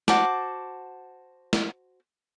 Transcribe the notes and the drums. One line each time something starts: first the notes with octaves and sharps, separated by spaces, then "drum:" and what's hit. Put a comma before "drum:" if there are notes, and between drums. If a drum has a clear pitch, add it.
F#4 C5 A5 D6, drum: snare
drum: snare